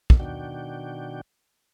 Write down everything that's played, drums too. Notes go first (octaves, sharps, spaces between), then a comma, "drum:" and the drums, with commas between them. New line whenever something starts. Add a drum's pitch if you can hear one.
drum: kick
B2 D#3 D4 F#4 G5